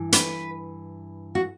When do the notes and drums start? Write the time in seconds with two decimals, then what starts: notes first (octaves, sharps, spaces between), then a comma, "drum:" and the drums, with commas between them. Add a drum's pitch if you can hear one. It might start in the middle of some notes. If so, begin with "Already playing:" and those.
Already playing: G2 E3
0.12 B4, drum: hi-hat
1.35 F#4